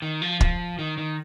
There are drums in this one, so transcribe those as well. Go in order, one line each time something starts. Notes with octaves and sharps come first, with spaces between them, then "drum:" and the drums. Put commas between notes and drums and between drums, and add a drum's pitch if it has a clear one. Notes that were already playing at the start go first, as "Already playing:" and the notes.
D#3
F3
F3, drum: kick
D#3
D#3